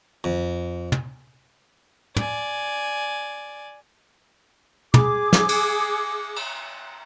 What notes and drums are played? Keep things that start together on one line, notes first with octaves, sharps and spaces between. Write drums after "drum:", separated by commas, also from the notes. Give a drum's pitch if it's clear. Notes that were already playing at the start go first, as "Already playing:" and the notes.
F2
drum: tom
D5 G#5, drum: tom
G#4 D6, drum: tom
drum: snare
drum: cymbal
drum: cymbal